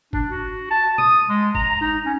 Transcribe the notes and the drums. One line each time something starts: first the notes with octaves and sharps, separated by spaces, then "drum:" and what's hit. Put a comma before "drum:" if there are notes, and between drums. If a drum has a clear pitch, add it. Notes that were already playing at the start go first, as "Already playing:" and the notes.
D4, drum: kick
F#4
A5
D#6, drum: tom B2
G#3
A#5, drum: kick
D#4
C#4